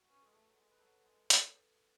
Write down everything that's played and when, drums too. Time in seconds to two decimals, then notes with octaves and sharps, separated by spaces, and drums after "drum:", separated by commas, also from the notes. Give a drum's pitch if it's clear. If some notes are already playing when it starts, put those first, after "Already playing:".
Already playing: F#4
0.10 C#4 B4
0.22 G#3 A4
0.34 A3 G#4
0.49 F#3
0.57 G#3
0.71 B4
0.80 F#3 A4
1.05 G#3
1.30 drum: hi-hat